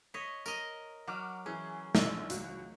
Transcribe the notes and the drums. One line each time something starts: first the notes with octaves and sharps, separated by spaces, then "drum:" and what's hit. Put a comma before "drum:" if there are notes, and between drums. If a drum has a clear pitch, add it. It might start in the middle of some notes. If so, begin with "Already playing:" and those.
C#5 D#5 B6
A#4 D#5, drum: tambourine
F#3 F#5 D6 F6
E3 C#4 G#4
A#1 D#4, drum: snare
C#2 F#4, drum: hi-hat